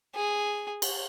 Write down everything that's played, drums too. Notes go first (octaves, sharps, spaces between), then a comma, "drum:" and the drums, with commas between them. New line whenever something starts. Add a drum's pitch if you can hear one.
G#4
drum: cymbal